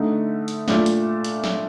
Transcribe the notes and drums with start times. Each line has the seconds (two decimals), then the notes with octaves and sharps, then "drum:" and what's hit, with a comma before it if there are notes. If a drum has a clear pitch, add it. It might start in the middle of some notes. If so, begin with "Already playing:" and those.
Already playing: D3 A3 D#4
0.48 drum: hi-hat
0.68 A#2 A3 D4 F4, drum: snare
0.86 drum: hi-hat
1.25 drum: hi-hat
1.44 drum: snare